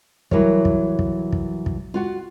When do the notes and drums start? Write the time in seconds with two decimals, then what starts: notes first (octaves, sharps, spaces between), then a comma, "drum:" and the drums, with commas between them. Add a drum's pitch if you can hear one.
0.31 E3 F#3 G3 A#4 C#5, drum: kick
0.65 drum: kick
0.99 drum: kick
1.32 drum: kick
1.66 drum: kick
1.94 F4 F#4 F#5